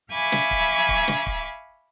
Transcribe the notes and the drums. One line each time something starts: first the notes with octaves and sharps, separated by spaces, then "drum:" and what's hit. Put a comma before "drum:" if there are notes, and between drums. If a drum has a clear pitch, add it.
E5 F5 G#5 B5 C#6 D6
drum: snare
drum: kick
drum: kick
drum: snare
drum: kick